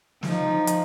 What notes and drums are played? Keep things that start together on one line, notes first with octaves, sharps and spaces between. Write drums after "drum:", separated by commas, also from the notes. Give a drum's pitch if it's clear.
F3 D#4, drum: snare
drum: hi-hat